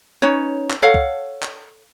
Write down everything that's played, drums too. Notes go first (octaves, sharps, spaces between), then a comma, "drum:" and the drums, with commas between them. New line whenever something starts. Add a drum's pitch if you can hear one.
C#4 D#4 B4 C#5
drum: clap
A4 C#5 F5 F#5
drum: kick
drum: clap